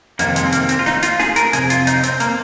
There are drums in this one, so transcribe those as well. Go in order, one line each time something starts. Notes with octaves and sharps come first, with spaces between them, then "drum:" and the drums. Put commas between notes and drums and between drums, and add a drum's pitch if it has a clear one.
F2 C3 D#3 A#3, drum: hi-hat
G#3, drum: hi-hat
C4
A#3, drum: hi-hat
C4, drum: hi-hat
F4
D#4, drum: snare
F4, drum: hi-hat
G#4, drum: snare
A#4, drum: hi-hat
F2 C3 G#4, drum: hi-hat
F4, drum: hi-hat
D#4, drum: hi-hat
C4, drum: hi-hat
A#3, drum: hi-hat